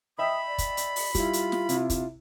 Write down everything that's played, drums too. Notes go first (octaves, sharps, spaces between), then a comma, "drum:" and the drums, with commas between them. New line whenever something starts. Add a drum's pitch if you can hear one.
D#5 E5 G5 B5 D#6
D5
drum: kick, hi-hat
drum: hi-hat
drum: open hi-hat
G3 E4 F4, drum: kick, hi-hat
drum: hi-hat
drum: snare
C3 E4, drum: hi-hat
drum: kick, hi-hat